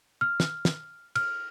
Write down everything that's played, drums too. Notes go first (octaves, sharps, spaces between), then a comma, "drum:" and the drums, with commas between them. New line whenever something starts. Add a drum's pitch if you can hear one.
F6
drum: snare
drum: snare
F6, drum: cymbal